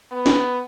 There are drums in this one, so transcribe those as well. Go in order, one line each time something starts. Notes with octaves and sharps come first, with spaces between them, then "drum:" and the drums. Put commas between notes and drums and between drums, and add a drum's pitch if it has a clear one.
B3
drum: snare